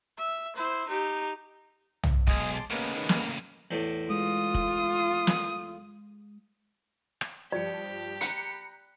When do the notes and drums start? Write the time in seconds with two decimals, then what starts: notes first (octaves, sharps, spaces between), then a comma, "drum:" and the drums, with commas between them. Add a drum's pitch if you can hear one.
0.17 E5
0.55 E4 C5
0.88 D#4 G4
2.03 drum: tom
2.27 B1 G#3 G#4 D#5, drum: kick
2.54 A5 C6 D6
2.71 A2 C#3 G#3 A#3 B3
2.95 D#3
3.09 A#3, drum: snare
3.71 E2 A2
4.10 G#3 F4 D#6
4.54 drum: kick
5.27 drum: snare
7.21 drum: rim click
7.52 G2 F3 G4 D5 C#7
8.21 A#5 B5 F#6 C#7, drum: hi-hat